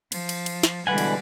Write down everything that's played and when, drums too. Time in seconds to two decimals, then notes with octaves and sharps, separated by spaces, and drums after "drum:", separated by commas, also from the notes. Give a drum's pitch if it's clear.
0.12 F3, drum: cymbal
0.29 drum: cymbal
0.46 drum: cymbal
0.63 drum: snare
0.87 B2 D3 E3 G3 G#3 B4 F#5 G#5
0.98 drum: cymbal